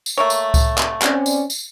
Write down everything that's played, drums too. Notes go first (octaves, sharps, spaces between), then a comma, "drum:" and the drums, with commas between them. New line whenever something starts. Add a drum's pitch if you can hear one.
drum: tambourine
A3 A#3 C#5
drum: tambourine
drum: kick C#2, tambourine
drum: clap
C4 C#4 D5, drum: clap
drum: tambourine
drum: tambourine